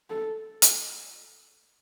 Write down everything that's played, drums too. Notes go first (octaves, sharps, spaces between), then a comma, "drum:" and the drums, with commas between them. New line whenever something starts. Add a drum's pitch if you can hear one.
A4
drum: hi-hat